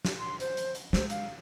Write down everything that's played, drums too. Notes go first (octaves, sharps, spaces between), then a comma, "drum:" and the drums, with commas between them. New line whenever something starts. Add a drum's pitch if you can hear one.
drum: snare
C6
C5, drum: hi-hat
drum: hi-hat
drum: hi-hat
G#3 C5, drum: snare
F5, drum: hi-hat